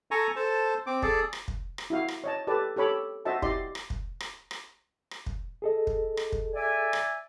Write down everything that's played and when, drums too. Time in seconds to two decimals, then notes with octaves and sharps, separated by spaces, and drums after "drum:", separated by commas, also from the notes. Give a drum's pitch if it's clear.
0.11 A4 G#5 A#5 C#6
0.36 A4 C5 A5
0.87 C4 D6
1.02 G#4 A4 D5, drum: kick
1.33 drum: rim click
1.48 drum: kick
1.78 drum: rim click
1.90 E4 F#4 F5
2.08 drum: rim click
2.24 C#5 D#5 A5
2.47 G4 A4 B4 D5 A5
2.76 G4 A4 C#5 B5 D6
3.25 F#4 C5 D#5 E5 A5
3.42 E4 G4 D5 D#5 C6, drum: kick
3.75 drum: rim click
3.90 drum: kick
4.20 drum: rim click
4.51 drum: rim click
5.11 drum: rim click
5.26 drum: kick
5.62 G#4 A4 D#5
5.87 drum: kick
6.17 drum: rim click
6.32 drum: kick
6.55 D5 E5 G#5
6.93 drum: rim click